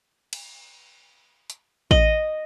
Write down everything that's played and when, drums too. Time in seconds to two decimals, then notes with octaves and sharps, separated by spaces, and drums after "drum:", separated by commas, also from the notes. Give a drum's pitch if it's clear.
0.33 drum: cymbal
1.50 drum: hi-hat
1.91 D#5, drum: kick A1